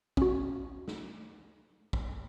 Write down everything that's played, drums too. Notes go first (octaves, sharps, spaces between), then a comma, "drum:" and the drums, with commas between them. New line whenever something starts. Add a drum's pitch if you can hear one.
C#4 F#4, drum: kick
drum: snare
drum: kick